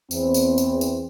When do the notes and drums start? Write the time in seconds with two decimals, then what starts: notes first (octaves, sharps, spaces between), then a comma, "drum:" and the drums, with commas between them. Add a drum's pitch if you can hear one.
0.11 E2 C4, drum: tambourine
0.34 drum: tambourine
0.58 drum: tambourine
0.81 drum: tambourine